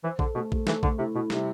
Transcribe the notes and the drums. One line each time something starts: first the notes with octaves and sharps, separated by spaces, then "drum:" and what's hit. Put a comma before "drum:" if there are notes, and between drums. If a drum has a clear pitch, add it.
E3 C5
D3 A4, drum: kick A#1
B2 A3
A3, drum: kick A#1
E3 A3, drum: snare
D3 A3, drum: kick A#1
C3 E4
B2 E4
C3 G3, drum: snare